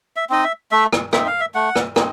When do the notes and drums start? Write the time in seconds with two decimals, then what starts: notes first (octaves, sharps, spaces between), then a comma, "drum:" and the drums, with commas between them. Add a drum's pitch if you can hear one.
0.16 E5
0.30 C4 D#4 D#5
0.44 E5
0.72 A3 E5
0.93 drum: rim click
1.13 C4 D#4 E5, drum: rim click
1.27 F5
1.41 E5
1.55 A3 F#5
1.76 drum: rim click
1.96 C4 D#4, drum: rim click